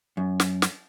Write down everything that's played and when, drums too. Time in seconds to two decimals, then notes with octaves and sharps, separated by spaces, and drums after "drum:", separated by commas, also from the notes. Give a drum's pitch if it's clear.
0.17 F#2
0.40 drum: snare
0.62 drum: snare